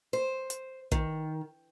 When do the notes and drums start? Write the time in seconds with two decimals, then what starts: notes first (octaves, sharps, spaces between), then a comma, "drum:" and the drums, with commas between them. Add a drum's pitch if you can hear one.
0.13 C5
0.50 drum: hi-hat
0.92 D#3, drum: kick